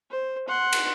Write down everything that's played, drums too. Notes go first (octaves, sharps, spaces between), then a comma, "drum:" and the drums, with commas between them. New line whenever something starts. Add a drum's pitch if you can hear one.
C5
F#5 C6
drum: cymbal